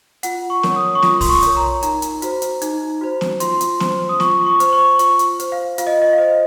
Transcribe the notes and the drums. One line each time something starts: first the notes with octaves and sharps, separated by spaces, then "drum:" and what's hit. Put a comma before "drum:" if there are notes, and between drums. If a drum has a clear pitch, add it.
F4 F#5, drum: hi-hat
C#6
A#4 C#5, drum: snare B3
D#6
C#6
F4 D#6, drum: snare B3
C6, drum: kick, open hi-hat
C#6
A#4 C#5, drum: hi-hat
A#5
D#4 A#5, drum: hi-hat
drum: hi-hat
F#4 C5, drum: hi-hat
drum: hi-hat
D#4, drum: hi-hat
F#4 C5
drum: snare B3
F4 C6, drum: hi-hat
drum: hi-hat
C5, drum: snare B3
D#6
F4 C#6, drum: snare B3
C#6
C5, drum: hi-hat
C#6
F4 C#6, drum: hi-hat
drum: hi-hat
C5, drum: hi-hat
F5
F4 F5, drum: hi-hat
D#5
D#5
F5
C5 D#5